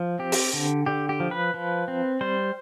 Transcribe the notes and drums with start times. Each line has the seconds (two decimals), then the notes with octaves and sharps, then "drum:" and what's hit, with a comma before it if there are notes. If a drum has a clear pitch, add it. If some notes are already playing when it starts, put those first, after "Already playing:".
Already playing: F3
0.19 C4 G4
0.32 drum: open hi-hat
0.53 D3
0.86 D3 G4
1.09 G4
1.20 F3
1.31 B4
1.54 F3
1.88 C4
2.21 G3 C5